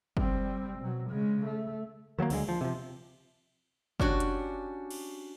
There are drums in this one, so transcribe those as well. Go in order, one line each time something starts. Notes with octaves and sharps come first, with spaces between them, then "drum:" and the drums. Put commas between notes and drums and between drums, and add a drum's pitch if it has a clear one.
G3 C4, drum: kick
B2 F#3
C#3 G#3
A3
D#3 F#3 A3 A#3
D2 D3 D#3 G#3, drum: cymbal
F3
C3 F3
C#4 D4 F#4 G4, drum: kick
drum: hi-hat
drum: cymbal